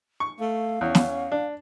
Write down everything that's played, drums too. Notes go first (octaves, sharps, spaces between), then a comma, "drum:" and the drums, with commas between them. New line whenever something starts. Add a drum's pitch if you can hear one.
C#6
A3 F5
E2 C#4
drum: snare
D4